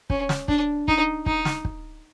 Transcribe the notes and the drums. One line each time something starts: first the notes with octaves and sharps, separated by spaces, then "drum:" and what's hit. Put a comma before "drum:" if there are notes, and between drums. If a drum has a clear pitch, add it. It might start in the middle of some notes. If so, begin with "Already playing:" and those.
C#4, drum: kick
drum: snare
D4, drum: kick
D#4, drum: kick
D#4, drum: kick
drum: snare
drum: kick